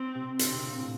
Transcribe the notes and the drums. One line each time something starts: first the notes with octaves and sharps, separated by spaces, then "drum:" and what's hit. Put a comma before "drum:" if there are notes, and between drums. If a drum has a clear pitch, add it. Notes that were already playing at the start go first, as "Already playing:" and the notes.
Already playing: C4
C3
D3 C4, drum: hi-hat
C3
A#2
A2